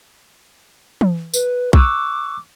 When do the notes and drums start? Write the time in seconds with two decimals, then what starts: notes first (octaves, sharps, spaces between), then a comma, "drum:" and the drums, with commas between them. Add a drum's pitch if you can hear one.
1.01 drum: tom
1.34 B4, drum: tambourine
1.73 C#6 D6 E6 F#6, drum: kick B1